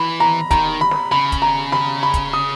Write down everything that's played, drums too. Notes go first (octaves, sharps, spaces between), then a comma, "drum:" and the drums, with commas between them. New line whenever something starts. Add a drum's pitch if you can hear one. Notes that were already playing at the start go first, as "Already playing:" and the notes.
Already playing: E3 B5
A#5
D#3 A#5, drum: kick, hi-hat
B5
drum: snare
C#3 B5
drum: kick, hi-hat
A#5
B5, drum: snare
B5
drum: kick, hi-hat
D#6